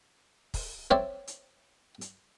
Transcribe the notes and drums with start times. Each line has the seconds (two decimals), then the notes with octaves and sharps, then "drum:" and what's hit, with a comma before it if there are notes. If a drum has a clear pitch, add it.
0.54 drum: kick, open hi-hat
0.91 C4 C#5 D5 E5
1.27 drum: hi-hat
2.01 drum: hi-hat